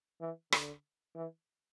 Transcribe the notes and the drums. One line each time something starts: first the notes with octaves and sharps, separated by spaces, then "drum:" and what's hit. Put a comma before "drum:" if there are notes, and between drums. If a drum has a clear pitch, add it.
E3
D3, drum: rim click
E3